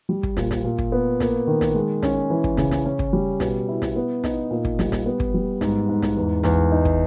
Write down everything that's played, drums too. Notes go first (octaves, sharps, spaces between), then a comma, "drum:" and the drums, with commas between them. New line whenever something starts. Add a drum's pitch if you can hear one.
G3
drum: kick
A#2, drum: snare
drum: snare
A#2
drum: kick
B3
A#3, drum: snare
D#3
drum: snare
G#3
C#4, drum: snare
E3
drum: kick
C#3, drum: snare
drum: snare
C#4
drum: kick
G3
B2, drum: snare
E4
drum: snare
B3
D#4, drum: snare
A#2
drum: kick
G3, drum: snare
drum: snare
B3
drum: kick
G3
G#2, drum: snare
G#2
drum: snare
E2
E2, drum: snare
D#4
drum: kick